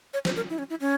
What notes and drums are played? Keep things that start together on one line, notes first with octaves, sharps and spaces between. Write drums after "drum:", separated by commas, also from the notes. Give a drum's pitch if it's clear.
C#5
C5, drum: snare
A#4
E4
C#4
E4
C#4